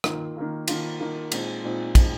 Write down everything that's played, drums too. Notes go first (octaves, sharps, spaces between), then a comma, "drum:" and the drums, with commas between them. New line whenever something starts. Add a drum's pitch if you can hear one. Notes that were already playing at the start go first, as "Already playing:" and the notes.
D#3 A#3 F4, drum: rim click
D#3 A#3 F4
D#3 A#3 F4, drum: cymbal
D#3 A#3 F4
A#2 G#3 C4 D#4, drum: cymbal
A#2 G#3 C4 D#4
A#2 G#3 C4 D#4, drum: kick, cymbal